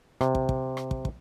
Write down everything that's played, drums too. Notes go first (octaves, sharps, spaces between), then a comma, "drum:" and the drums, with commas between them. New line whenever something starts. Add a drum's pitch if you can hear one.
C3, drum: rim click
drum: kick
drum: kick
drum: rim click
drum: kick
drum: kick